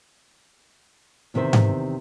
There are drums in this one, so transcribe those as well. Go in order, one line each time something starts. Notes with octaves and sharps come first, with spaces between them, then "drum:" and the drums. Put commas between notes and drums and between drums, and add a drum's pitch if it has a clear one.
E2 C3 D#3 C5 E5
drum: tom G#2